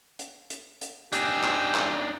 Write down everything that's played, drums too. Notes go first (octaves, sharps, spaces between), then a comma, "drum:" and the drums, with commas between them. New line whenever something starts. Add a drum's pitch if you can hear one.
drum: hi-hat
drum: hi-hat
drum: hi-hat
D4 D#4 G4 G#5 E6, drum: hi-hat
drum: clap
drum: clap